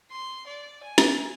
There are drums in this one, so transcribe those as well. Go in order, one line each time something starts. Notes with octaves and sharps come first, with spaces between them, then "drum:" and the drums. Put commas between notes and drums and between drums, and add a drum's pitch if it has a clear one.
C6
D5
G#5
drum: snare